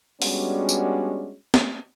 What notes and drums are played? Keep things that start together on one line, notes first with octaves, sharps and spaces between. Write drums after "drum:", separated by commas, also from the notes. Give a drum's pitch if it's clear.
G3 G#3 B3 C#4 D4 F#4, drum: open hi-hat
drum: tambourine
drum: snare